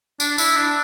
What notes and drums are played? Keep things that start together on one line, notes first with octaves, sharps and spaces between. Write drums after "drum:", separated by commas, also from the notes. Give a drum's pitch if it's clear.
D4, drum: tambourine
E4, drum: tambourine
D4